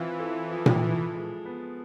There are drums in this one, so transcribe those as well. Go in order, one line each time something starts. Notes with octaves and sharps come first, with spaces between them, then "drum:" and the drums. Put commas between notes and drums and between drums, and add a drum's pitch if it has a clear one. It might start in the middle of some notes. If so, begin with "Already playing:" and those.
Already playing: E3 C4 F4 C5
A4
F3
drum: tom A#2
F3
G#3
B3